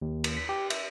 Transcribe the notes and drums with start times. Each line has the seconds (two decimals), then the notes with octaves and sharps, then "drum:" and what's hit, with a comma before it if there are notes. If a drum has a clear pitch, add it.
0.02 D#2
0.24 drum: cymbal
0.37 B6
0.49 G4
0.70 E5, drum: cymbal